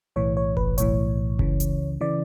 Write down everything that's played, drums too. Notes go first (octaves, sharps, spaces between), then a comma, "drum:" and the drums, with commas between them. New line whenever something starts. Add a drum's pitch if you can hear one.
B1 A2 E3 C#5
C#5
B4, drum: kick F#1
B1 A2 E3 C#5, drum: hi-hat
C#2 C#3 E3, drum: kick F#1
drum: hi-hat
C#3 E3 D5